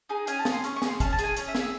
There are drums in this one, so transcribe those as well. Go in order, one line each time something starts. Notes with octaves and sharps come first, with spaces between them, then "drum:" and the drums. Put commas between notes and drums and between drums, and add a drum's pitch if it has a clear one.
D#4 G#4
C#4 G#5, drum: hi-hat
A5
G#4, drum: snare
C6
C#4 C#6, drum: hi-hat
C#6
G#4, drum: snare
C6
C#4 A5, drum: kick, hi-hat
A5
G#4, drum: hi-hat
G#5
C#4, drum: hi-hat
E5
G#4, drum: snare
E5